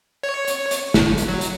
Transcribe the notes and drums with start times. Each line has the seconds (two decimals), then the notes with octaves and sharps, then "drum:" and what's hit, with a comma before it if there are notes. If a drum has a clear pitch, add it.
0.23 C#5
0.48 drum: hi-hat
0.71 drum: hi-hat
0.94 G1, drum: snare
1.18 drum: hi-hat
1.28 F#3
1.41 drum: hi-hat